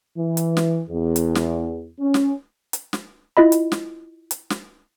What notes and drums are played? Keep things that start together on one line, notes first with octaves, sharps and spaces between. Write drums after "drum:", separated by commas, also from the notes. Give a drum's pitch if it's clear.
E3
drum: hi-hat
drum: snare
E2
drum: hi-hat
drum: snare
C#4
drum: snare
drum: hi-hat
drum: snare
E4 F4 D#5 B5
drum: hi-hat
drum: snare
drum: hi-hat
drum: snare